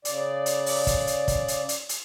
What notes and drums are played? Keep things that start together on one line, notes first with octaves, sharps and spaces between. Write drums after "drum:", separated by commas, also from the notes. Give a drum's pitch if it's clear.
C#3 D5, drum: hi-hat
drum: hi-hat
drum: open hi-hat
drum: kick, hi-hat
drum: hi-hat
drum: kick, hi-hat
drum: hi-hat
drum: hi-hat
drum: hi-hat